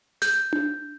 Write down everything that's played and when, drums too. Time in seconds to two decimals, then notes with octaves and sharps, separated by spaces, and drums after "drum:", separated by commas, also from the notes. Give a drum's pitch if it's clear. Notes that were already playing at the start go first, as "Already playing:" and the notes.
0.22 G6, drum: snare
0.53 drum: tom D4